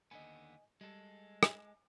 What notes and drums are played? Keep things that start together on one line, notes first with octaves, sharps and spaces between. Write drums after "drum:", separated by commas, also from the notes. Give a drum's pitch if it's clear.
D#2 D3 B3 D#5 G#5
G3 G#3 A4
drum: rim click